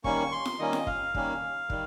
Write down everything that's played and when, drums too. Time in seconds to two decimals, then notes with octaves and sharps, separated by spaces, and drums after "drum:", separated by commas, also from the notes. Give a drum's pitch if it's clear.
0.04 D#3 G3 A#3 C#4 C#6, drum: kick
0.32 C6
0.45 drum: snare F4
0.59 D#3 G3 A#3 C#4 D#5
0.73 drum: snare F4
0.87 F5, drum: kick
1.15 D#3 G3 A#3 C#4, drum: kick
1.70 D#3 G3, drum: kick